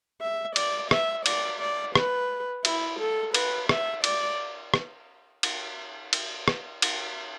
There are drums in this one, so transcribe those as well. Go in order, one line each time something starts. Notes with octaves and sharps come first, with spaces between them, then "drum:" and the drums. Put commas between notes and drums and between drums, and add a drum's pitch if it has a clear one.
E5
D5, drum: cymbal
E5, drum: rim click
D5, drum: cymbal
D5
B4, drum: rim click
E4, drum: cymbal
A4
B4, drum: cymbal
E5, drum: rim click
D5, drum: cymbal
drum: rim click
drum: cymbal
drum: cymbal
drum: rim click
drum: cymbal